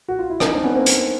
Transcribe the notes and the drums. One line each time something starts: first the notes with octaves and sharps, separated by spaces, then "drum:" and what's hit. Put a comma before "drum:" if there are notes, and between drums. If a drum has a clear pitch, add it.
F#4
F4
E4
C#4 D#4, drum: rim click
C4 D4
B3 C#4
A#3 C4
drum: hi-hat